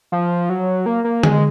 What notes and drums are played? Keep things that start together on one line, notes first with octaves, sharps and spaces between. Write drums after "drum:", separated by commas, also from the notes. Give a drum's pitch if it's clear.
F3
F#3
A#3
A#3
G#3, drum: tom D3